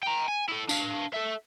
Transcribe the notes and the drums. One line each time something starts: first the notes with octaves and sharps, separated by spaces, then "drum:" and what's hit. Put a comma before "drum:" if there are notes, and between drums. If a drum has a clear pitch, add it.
G5 A#5
G#5
E4 A4
D4 F5, drum: tambourine
A4 E5